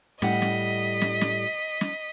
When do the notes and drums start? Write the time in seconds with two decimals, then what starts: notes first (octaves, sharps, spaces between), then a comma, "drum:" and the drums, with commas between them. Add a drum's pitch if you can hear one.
0.22 A2 G3 D#5 F#5 B6, drum: snare
0.42 drum: snare
1.01 drum: snare
1.21 drum: snare
1.81 drum: snare